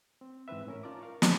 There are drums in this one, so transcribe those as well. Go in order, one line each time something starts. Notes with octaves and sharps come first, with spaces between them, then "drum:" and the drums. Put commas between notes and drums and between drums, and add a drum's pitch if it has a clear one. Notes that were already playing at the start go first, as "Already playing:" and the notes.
C4
G#2 E3 C4 B4 E5
A2 C#4 A#4
D#4 F4 D5 A5 A#5 D6
A#4 F5 C#6
B2 E3 C4, drum: snare